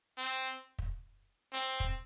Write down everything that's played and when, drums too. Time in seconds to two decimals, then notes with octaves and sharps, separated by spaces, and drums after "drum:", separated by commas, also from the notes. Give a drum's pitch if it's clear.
0.18 C4
0.79 drum: kick
1.54 C4, drum: hi-hat
1.80 drum: kick